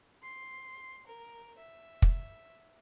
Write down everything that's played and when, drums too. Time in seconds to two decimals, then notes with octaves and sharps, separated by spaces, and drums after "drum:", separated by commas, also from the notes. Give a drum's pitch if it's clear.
0.23 C6
1.07 A#4
1.58 E5
2.02 drum: kick